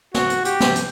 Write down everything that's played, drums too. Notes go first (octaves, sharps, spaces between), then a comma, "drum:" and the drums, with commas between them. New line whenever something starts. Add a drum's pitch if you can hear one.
F#4, drum: snare
drum: hi-hat
G4, drum: hi-hat
drum: snare
drum: hi-hat